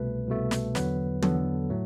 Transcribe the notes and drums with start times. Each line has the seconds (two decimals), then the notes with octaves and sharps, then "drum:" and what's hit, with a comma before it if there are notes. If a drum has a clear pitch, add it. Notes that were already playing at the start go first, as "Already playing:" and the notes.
Already playing: C2 B2 A3 B4
0.28 C2 B2 A3
0.51 drum: snare
0.75 E2 D3 F#3 B3 B4, drum: snare
1.22 E2 D3 F#3 B3 A4, drum: tom
1.70 A2 F#3 A3